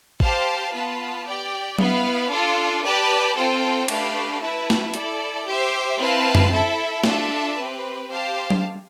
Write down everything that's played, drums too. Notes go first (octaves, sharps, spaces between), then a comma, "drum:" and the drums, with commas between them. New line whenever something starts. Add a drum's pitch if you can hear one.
G4 C5 F5 A5, drum: kick A1
B3 F4 B4 F5 A5
G4 D5 G5
B3 E4 B4 F5, drum: tom F#3
D4 F4 A4
G4 B4 D5 A5
C4 F4 A4 C5 G5
A3 D4 G4 B4 F5, drum: cymbal
E4 B4 E5 A5
drum: snare
E4 A4 D5, drum: hi-hat
G4 C5 E5
C4 E4 B4 F5 A5
drum: tom F#2
E4 A4 E5
D4 F4 A4 E5 A5, drum: snare
C4 G4 B4
G4 C5 F5 A5
drum: tom F#3